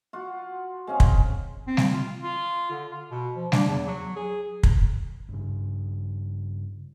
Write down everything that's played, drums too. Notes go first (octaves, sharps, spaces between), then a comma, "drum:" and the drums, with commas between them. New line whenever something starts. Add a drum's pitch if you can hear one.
F4 F#4 F#5
G#3 C4 C#4 F5
drum: kick
C4
drum: snare G3
F4
F4
D3
F4
B2
F3
D4, drum: snare G3
E2
F#3
G#4
drum: kick
G2 C#3